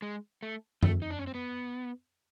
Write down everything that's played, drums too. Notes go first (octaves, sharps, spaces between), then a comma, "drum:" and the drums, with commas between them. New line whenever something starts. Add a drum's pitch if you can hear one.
G#3
A3
A3, drum: tom F#2
D#4
D4
C#4
C4
B3